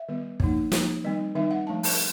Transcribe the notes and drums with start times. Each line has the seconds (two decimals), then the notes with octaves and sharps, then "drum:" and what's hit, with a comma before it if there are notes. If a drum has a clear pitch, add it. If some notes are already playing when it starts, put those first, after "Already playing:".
Already playing: E5
0.09 D#3 G3 B3
0.40 F3 A#3 D#4, drum: kick
0.72 F3 A#3 D#4, drum: snare
1.04 D#3 G3 C4 D#4
1.35 D#3 G3 C4 D#4 E5
1.51 F#5
1.67 F3 A3 D4 A5
1.83 A5, drum: open hi-hat